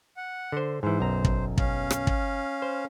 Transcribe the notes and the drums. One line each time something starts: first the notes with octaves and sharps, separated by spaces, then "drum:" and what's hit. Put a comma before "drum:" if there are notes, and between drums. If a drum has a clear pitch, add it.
F#5
D3 C5
G#2 E3 C5
B1 F#2 A#5
drum: kick
C#4 F5, drum: kick
drum: rim click
drum: kick
C5